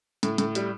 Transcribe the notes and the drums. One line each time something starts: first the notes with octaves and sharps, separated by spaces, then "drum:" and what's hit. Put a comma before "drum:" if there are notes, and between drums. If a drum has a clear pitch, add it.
A2, drum: hi-hat
A2, drum: hi-hat
G3, drum: hi-hat